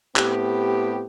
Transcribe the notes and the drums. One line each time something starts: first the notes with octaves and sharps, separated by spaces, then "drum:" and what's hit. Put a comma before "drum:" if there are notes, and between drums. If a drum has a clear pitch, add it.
A2 B3 C4 G4, drum: clap